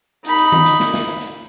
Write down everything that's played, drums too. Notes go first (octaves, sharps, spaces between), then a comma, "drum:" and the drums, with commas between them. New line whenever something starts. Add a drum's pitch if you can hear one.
D#4 B5, drum: hi-hat
drum: hi-hat
drum: tom D#3
drum: hi-hat
drum: snare
drum: snare
drum: hi-hat
drum: hi-hat